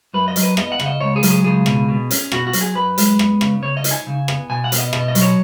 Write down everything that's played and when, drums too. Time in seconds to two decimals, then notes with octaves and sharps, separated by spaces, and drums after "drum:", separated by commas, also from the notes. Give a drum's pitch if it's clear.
0.14 F#2 B4
0.28 D#5
0.36 F#3, drum: hi-hat
0.43 B4
0.57 B3 D#5, drum: rim click
0.72 F#5
0.80 C#3, drum: rim click
0.86 D#5
1.01 C#2 C#5
1.16 G#4
1.23 F#3, drum: hi-hat
1.30 G#4
1.44 C#2 G#4
1.66 B2, drum: rim click
1.88 B2
2.11 C#4, drum: hi-hat
2.32 B2 F#4, drum: rim click
2.47 F#4
2.53 F#3, drum: hi-hat
2.61 G#4
2.75 F#2 B4
2.98 G#3, drum: hi-hat
3.19 B3, drum: rim click
3.41 C#3, drum: rim click
3.62 C#3 C#5
3.77 D#5
3.84 D#4, drum: hi-hat
3.91 G#5
4.07 C#3
4.28 B3, drum: rim click
4.50 B2 G#5
4.64 F#5
4.72 B3, drum: hi-hat
4.78 D#5
4.93 B2 D#5, drum: rim click
5.08 D#5
5.15 F#3, drum: hi-hat
5.22 C#5